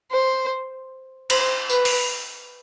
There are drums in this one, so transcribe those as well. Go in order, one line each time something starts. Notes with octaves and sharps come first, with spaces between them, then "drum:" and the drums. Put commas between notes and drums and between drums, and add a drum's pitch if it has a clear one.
C5
C5, drum: cymbal
B4, drum: tambourine
drum: open hi-hat